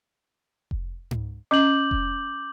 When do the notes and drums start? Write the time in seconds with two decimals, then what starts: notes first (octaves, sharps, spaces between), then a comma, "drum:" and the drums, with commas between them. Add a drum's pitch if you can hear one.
0.71 drum: kick F1
1.11 drum: tom G#2
1.51 C#4 D#5 D6 G6 F#7
1.91 drum: kick F1